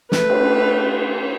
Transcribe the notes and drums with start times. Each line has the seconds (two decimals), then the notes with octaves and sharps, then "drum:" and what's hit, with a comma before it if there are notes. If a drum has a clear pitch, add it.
0.12 A3 B4, drum: snare
0.30 drum: cymbal